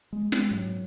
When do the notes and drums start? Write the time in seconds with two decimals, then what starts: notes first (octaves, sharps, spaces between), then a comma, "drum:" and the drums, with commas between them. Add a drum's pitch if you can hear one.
0.13 G#3
0.32 G#3, drum: snare
0.51 G#2 F#3